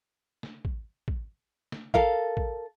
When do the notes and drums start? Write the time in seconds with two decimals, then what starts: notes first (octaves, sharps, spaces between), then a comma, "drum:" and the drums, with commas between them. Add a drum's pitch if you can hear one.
0.43 drum: snare
0.65 drum: kick
1.08 drum: kick
1.72 drum: snare
1.94 A4 A#4 F5, drum: kick
2.37 drum: kick